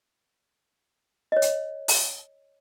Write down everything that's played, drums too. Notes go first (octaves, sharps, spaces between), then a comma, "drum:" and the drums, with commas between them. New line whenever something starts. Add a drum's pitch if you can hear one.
C#5 D#5
drum: hi-hat
drum: open hi-hat